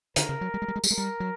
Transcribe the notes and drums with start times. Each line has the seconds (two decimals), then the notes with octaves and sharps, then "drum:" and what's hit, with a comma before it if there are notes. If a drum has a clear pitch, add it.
0.16 D3 A#4, drum: hi-hat
0.29 C#3
0.41 F#3
0.54 G3
0.62 G#3
0.68 G3
0.76 G#3
0.84 G3, drum: tambourine
0.91 G#3 A#4
0.98 G3
1.20 F#3